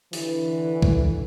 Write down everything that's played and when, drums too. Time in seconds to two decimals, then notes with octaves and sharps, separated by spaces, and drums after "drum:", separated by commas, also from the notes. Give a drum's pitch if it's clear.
0.13 D3 E3, drum: open hi-hat
0.82 drum: kick B1